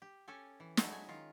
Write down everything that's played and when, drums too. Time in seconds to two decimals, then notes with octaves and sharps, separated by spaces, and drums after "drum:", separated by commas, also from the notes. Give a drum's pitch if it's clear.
0.02 G4
0.28 C#4 G4 A4 G#5
0.60 E3
0.77 F#3 G#3 A3 E4 F#4 A4, drum: snare
0.92 G#5
1.08 D#3 F4